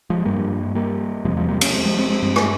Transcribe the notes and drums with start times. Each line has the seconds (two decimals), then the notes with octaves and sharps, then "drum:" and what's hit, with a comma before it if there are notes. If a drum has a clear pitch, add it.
0.10 F3 G#3
0.25 G2 G3 A#3
0.75 G3 A#3
1.25 E2 C3 F3 G#3
1.37 F3 G#3
1.49 G3 A#3
1.61 A#3 C#4, drum: cymbal
1.73 G#3 C4
1.86 F3 G#3
1.98 G#3 C4
2.10 G#3 C4
2.22 G2 G#3 C4
2.36 drum: rim click